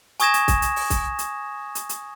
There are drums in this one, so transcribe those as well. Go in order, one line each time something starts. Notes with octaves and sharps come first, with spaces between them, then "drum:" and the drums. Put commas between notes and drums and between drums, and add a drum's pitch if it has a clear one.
G#5 C#6 D#6 G#6 A#6 E7, drum: hi-hat
drum: hi-hat
drum: kick, hi-hat
drum: hi-hat
drum: open hi-hat
drum: kick, hi-hat
drum: hi-hat
drum: hi-hat
drum: hi-hat